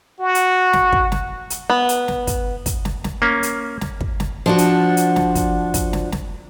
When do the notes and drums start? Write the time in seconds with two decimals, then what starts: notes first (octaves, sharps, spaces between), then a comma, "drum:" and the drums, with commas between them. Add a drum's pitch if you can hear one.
0.20 F#4
0.35 drum: hi-hat
0.73 drum: snare
0.93 drum: kick
1.12 drum: snare
1.50 drum: hi-hat
1.70 B3
1.89 drum: hi-hat
2.08 drum: snare
2.27 drum: kick, hi-hat
2.66 drum: kick, hi-hat
2.85 drum: snare
3.04 drum: snare
3.22 A#3 C#4
3.43 drum: hi-hat
3.81 drum: snare
4.01 drum: kick
4.20 drum: snare
4.46 F3 D4 F#4
4.58 drum: hi-hat
4.97 drum: hi-hat
5.16 drum: snare
5.35 drum: kick, hi-hat
5.74 drum: kick, hi-hat
5.93 drum: snare
6.12 drum: snare